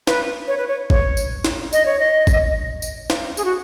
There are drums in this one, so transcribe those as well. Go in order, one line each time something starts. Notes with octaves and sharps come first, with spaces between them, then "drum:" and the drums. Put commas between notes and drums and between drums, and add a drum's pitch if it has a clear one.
B4, drum: snare
C#5
B4
C#5
C#5, drum: kick G#1
drum: tambourine
drum: snare
D#5, drum: tambourine
C#5
D#5
drum: kick G#1, tambourine
drum: tambourine
drum: snare
G#4, drum: tambourine
F#4